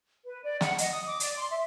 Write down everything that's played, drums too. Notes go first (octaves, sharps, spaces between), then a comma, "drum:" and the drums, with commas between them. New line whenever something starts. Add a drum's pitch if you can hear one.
B4
D5
F#5, drum: snare
D#5, drum: hi-hat
D#6
D6
D5, drum: hi-hat
C6
E5